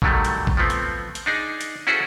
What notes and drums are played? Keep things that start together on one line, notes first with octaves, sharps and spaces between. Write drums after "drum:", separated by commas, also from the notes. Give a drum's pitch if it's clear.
B2 D3 D#3 F#3 G3 A3, drum: kick A#1
drum: hi-hat
drum: kick A#1
F3 A3 B3 C4
drum: hi-hat
drum: hi-hat
D4 D#4 G#4
drum: hi-hat
C#4 E4 F#4 G#4 A4 C5